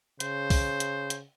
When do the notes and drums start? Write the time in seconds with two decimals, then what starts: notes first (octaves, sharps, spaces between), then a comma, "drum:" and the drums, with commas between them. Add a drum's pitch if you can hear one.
0.20 C#3 C5, drum: hi-hat
0.50 drum: kick, open hi-hat
0.80 drum: hi-hat
1.10 drum: hi-hat